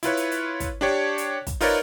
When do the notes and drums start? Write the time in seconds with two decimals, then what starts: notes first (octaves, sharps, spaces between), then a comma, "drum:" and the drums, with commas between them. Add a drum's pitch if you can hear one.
0.03 E4 F4 B4 C#5, drum: hi-hat
0.17 drum: hi-hat
0.31 drum: hi-hat
0.60 drum: kick, hi-hat
0.81 D4 G4 C#5
1.18 drum: hi-hat
1.47 drum: kick, hi-hat
1.61 D#4 F4 A#4 B4 C#5 D5, drum: open hi-hat